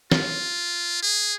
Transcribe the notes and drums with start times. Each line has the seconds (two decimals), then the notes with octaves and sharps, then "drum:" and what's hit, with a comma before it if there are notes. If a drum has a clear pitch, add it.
0.12 F4, drum: snare
1.03 G#4